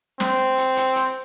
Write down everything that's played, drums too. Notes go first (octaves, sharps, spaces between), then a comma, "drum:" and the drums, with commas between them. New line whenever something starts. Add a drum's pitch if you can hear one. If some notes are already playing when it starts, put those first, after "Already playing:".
C4, drum: snare
drum: hi-hat
drum: hi-hat
drum: hi-hat